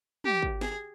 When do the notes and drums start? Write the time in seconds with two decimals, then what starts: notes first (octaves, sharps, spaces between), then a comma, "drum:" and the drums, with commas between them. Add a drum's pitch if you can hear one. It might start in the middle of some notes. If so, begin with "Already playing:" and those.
0.24 G4, drum: tom
0.42 drum: kick
0.61 G#4, drum: snare